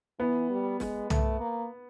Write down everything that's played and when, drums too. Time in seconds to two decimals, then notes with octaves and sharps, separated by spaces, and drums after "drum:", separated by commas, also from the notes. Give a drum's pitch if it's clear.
0.19 E3 B3
0.50 G3
0.80 G#3, drum: snare
1.10 A3, drum: tom
1.40 A#3